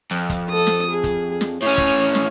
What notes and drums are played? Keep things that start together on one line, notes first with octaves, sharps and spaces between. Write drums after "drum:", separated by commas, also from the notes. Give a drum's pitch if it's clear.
F2
drum: kick, hi-hat
A4 D#6
drum: snare
G#4
drum: kick, hi-hat
drum: snare
A2 C#4 C#5
drum: kick, hi-hat
drum: snare